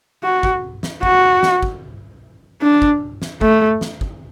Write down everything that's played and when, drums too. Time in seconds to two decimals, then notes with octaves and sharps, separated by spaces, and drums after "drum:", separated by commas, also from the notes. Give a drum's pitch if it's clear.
0.24 F#4
0.43 drum: kick
0.83 drum: snare
1.03 F#4, drum: kick
1.43 drum: snare
1.63 drum: kick
2.62 D4
2.82 drum: kick
3.22 drum: snare
3.41 A3, drum: kick
3.81 drum: snare
4.01 drum: kick